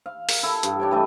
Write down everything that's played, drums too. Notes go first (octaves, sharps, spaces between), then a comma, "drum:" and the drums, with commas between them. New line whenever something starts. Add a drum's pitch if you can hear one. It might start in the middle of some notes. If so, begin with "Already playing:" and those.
F5
A#4, drum: open hi-hat
E4 A4
G2, drum: hi-hat
D4 C#5 G5
E3 A3 D#5